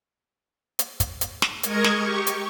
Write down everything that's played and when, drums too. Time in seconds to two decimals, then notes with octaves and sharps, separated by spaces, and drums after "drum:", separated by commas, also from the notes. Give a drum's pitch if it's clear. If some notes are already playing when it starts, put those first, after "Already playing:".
0.79 drum: hi-hat
1.00 drum: kick, hi-hat
1.21 drum: hi-hat
1.42 drum: snare
1.63 G#3 A#4 D#5 C#6 G#6, drum: hi-hat
1.84 drum: snare
1.97 G4 C#6
2.27 drum: hi-hat